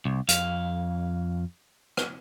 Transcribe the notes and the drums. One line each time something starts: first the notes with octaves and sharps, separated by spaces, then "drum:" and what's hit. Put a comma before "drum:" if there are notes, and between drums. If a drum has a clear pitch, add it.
C2
F2 F5, drum: hi-hat
drum: rim click